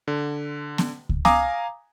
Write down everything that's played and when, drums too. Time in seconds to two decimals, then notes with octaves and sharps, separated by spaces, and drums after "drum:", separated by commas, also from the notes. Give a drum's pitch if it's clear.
0.08 D3
0.78 drum: snare B3
1.09 drum: kick C#2
1.25 F5 G#5 A#5 D6 D#6, drum: snare B3